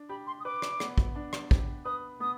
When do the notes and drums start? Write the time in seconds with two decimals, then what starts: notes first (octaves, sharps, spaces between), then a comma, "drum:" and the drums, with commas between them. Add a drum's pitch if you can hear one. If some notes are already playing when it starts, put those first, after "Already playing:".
Already playing: D4
0.09 G4 B5
0.27 C6
0.40 D#6
0.45 B4 D6
0.62 drum: rim click
0.80 B3, drum: rim click
0.98 drum: kick
1.15 D4
1.33 drum: rim click
1.51 G4, drum: kick
1.85 B4 D#6
2.20 B3 D#6